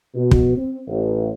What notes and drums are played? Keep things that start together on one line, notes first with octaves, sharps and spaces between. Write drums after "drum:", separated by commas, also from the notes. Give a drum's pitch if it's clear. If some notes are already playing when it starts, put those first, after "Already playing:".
B2
drum: kick
C4
A1